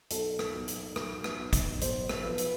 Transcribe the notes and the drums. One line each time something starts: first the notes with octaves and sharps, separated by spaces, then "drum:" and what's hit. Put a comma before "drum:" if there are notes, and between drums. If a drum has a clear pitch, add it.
B1 A4, drum: hi-hat
drum: rim click
B1
drum: hi-hat
B1, drum: rim click
drum: rim click
B1
drum: kick, hi-hat
B1 C5, drum: hi-hat
drum: rim click
F3 B4
drum: hi-hat